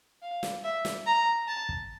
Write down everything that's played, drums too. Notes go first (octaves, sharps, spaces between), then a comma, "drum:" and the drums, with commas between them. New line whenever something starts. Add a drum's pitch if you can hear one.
F5
drum: snare
E5
drum: snare
A#5
A5
drum: kick